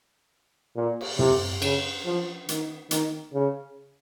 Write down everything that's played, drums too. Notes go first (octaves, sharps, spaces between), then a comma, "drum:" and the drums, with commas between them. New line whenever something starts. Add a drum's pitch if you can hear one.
A#2
drum: cymbal
C3, drum: tom
C#3, drum: cymbal
F3
D#3, drum: hi-hat
D#3, drum: hi-hat
C#3